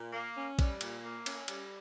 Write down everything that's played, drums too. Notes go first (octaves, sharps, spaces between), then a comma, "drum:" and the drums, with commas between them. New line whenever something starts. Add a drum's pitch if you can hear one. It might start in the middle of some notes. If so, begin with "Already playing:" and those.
Already playing: A#2
A#3
C#4
G3, drum: kick, cymbal
A#2, drum: cymbal
A#3
C#4, drum: cymbal
G3, drum: cymbal